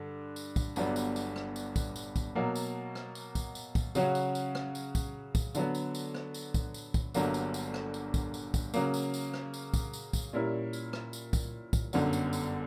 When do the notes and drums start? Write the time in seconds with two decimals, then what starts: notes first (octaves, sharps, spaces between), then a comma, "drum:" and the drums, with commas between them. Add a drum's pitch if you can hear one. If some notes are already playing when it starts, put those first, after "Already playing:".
Already playing: G2 D3
0.36 drum: tambourine
0.56 drum: kick, tambourine
0.76 G1 G2 F#3 B3 D4, drum: tambourine
0.96 drum: tambourine
1.16 drum: tambourine
1.36 drum: rim click
1.56 drum: tambourine
1.76 drum: kick, tambourine
1.96 drum: tambourine
2.16 drum: kick, tambourine
2.35 B2 F#3 A#3
2.56 drum: tambourine
2.95 drum: rim click
3.15 drum: tambourine
3.35 drum: kick, tambourine
3.55 drum: tambourine
3.75 drum: kick, tambourine
3.95 C#3 F#3 C#4 F#4, drum: tambourine
4.15 drum: tambourine
4.35 drum: tambourine
4.55 drum: rim click
4.75 drum: tambourine
4.95 drum: kick, tambourine
5.35 drum: kick, tambourine
5.55 D3 F#3 B3, drum: tambourine
5.75 drum: tambourine
5.95 drum: tambourine
6.15 drum: rim click
6.34 drum: tambourine
6.54 drum: kick, tambourine
6.74 drum: tambourine
6.94 drum: kick, tambourine
7.14 G1 G2 D3 F#3 A#3, drum: tambourine
7.34 drum: tambourine
7.54 drum: tambourine
7.74 drum: rim click
7.94 drum: tambourine
8.14 drum: kick, tambourine
8.34 drum: tambourine
8.54 drum: kick, tambourine
8.74 C#3 F#3 A#3, drum: tambourine
8.94 drum: tambourine
9.14 drum: tambourine
9.34 drum: rim click
9.54 drum: tambourine
9.74 drum: kick, tambourine
9.93 drum: tambourine
10.13 drum: kick, tambourine
10.33 A#2 G3 C#4 E4 A#4
10.73 drum: tambourine
10.93 drum: rim click
11.13 drum: tambourine
11.33 drum: kick, tambourine
11.73 drum: kick, tambourine
11.93 G1 F#2 D3 F#3, drum: tambourine
12.13 drum: tambourine
12.33 drum: tambourine